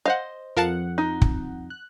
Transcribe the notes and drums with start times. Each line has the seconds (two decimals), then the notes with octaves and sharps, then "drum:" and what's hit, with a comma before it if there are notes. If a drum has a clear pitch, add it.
0.06 C5 D#5 F5 F#5
0.57 F2 A#4 F5 F#5 A5
0.98 D#4
1.22 drum: kick
1.70 F#6